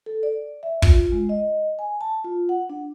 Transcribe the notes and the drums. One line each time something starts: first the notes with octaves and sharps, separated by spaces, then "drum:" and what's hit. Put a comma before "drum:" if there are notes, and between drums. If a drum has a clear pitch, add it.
A4
D5
E5
F4, drum: kick
G#3
D#5
G#5
A5
F4
F#5
D4